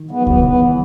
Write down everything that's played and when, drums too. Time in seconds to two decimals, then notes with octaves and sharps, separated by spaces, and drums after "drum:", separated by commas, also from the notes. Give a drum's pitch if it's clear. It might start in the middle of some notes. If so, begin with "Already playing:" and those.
Already playing: D#3
0.10 G#3 B3
0.20 F#3
0.27 C#3 E3 B3, drum: kick C#2
0.44 B3
0.61 E3 G#3